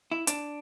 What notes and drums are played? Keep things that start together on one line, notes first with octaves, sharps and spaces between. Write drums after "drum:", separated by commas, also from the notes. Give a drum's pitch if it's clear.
E4
D4, drum: hi-hat